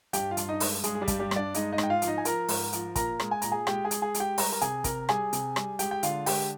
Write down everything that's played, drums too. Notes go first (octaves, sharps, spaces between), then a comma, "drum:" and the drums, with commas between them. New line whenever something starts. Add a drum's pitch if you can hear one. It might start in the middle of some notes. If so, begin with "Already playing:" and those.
G2 G4 G5, drum: hi-hat
F4 F5
G2, drum: hi-hat
D#4 D#5
G#3, drum: open hi-hat
G2 G#3 G#4, drum: hi-hat
G#4
G3 G4
G2, drum: kick, hi-hat
G3 G4
G2, drum: rim click
D4 D5
G#3 D#4 D#5, drum: hi-hat
D#4 D#5
G#2, drum: rim click
G5
F4 F5
F3, drum: hi-hat
D#4 D#5
G#5
F3 A#4 A#5, drum: hi-hat
G#2, drum: open hi-hat
F3, drum: hi-hat
A#2 A#4 A#5, drum: kick, hi-hat
G#3, drum: rim click
G#5
A#2 A#5, drum: hi-hat
G#4 G#5
G#3 G4 G5, drum: rim click
G#4 G#5
G#3, drum: hi-hat
G#4 G#5
G#3, drum: hi-hat
G4 G5
G3 A#5, drum: open hi-hat
A#4 A#5
C3 G#4 G#5, drum: hi-hat
C3 A#4 A#5, drum: kick, hi-hat
G3 G#4 G#5, drum: rim click
C3, drum: hi-hat
G3, drum: rim click
G#3 G4 G5, drum: hi-hat
G5
D3 F4 F5, drum: hi-hat
G#3 G4 G5, drum: open hi-hat